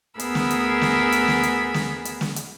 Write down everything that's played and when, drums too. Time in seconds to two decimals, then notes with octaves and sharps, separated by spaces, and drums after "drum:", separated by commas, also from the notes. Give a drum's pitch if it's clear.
0.19 D2 B3 G#4 A#4 B5 E6, drum: hi-hat
0.35 drum: snare
0.50 drum: hi-hat
0.81 drum: snare
1.12 drum: hi-hat
1.28 drum: snare
1.43 drum: hi-hat
1.74 drum: snare
2.05 drum: hi-hat
2.21 drum: snare
2.36 drum: hi-hat